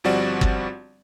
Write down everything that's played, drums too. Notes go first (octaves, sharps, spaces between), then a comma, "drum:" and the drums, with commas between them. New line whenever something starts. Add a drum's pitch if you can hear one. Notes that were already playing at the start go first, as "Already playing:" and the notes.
G1 F3 G3 C4 F#4 D5
drum: kick